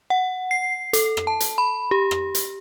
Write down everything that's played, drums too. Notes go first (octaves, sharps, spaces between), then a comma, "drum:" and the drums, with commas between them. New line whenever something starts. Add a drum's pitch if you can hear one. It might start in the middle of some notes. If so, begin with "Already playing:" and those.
F#5
C7
A4, drum: hi-hat
drum: rim click
A5
drum: hi-hat
B5
G4
drum: rim click
drum: hi-hat